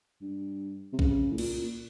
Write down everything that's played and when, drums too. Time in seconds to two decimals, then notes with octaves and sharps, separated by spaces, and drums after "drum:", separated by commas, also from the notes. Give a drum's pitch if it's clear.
0.21 G2
0.93 C3
0.99 C#3, drum: kick B1
1.31 A2
1.38 A#2, drum: cymbal